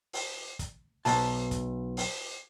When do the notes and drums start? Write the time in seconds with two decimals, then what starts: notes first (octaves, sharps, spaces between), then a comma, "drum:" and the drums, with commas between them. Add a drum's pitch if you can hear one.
0.13 drum: open hi-hat
0.59 drum: kick, hi-hat
1.05 B1 A5, drum: open hi-hat
1.51 drum: kick, hi-hat
1.97 drum: open hi-hat